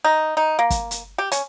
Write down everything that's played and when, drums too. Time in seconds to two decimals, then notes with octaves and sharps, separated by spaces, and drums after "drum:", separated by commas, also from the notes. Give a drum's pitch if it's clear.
0.05 D#4
0.37 D#4
0.59 A#3
0.70 drum: kick, hi-hat
0.91 drum: hi-hat
1.18 G4
1.32 C#4, drum: hi-hat